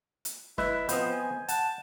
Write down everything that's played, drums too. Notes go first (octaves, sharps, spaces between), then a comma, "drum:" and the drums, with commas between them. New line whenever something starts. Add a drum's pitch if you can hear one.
drum: hi-hat
E4 B4 D#5, drum: snare
F3 B3 C4 D#5 G6, drum: hi-hat
G#5
F#5 A5, drum: hi-hat